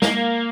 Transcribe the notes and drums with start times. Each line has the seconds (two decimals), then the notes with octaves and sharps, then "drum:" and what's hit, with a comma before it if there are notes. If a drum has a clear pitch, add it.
0.02 A#3, drum: snare